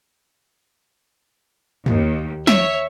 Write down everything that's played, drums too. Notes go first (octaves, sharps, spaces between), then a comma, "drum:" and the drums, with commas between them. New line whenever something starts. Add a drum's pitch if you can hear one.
D#2, drum: tom
C#5 E5, drum: snare